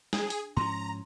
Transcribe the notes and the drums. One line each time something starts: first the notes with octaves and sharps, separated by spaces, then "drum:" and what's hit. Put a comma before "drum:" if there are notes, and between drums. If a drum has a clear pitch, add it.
D4 G#4, drum: snare
drum: open hi-hat
G#2 F3 C#4 E4 A#5 C6